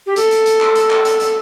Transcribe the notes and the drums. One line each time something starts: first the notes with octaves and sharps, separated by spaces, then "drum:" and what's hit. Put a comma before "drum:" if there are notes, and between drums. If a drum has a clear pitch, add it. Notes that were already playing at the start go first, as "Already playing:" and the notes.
G4
A4, drum: hi-hat
drum: hi-hat
drum: hi-hat
drum: clap
drum: hi-hat
drum: clap
drum: hi-hat
drum: hi-hat